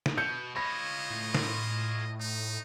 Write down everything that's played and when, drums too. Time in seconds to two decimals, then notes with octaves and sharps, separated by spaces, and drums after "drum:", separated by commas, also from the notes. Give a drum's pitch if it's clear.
0.06 drum: snare
0.18 B2 G6 C#7
0.56 F4 C#5 D#5 B5 A#6
1.10 A2
1.35 drum: snare
2.20 D#4